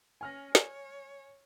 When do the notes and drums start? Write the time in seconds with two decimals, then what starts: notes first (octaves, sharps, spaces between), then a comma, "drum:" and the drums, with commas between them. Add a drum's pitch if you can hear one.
0.21 C#4 G#5 F6 A#6
0.55 C#5, drum: snare